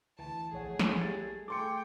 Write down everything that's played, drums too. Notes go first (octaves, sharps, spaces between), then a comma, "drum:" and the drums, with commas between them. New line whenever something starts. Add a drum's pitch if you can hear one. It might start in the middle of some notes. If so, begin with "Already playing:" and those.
D2 E3 A5
A#1 A3 G#4 C#5 F#5
drum: snare
G3 A6
A3 G#4 A4 G5 C6 D6 C#7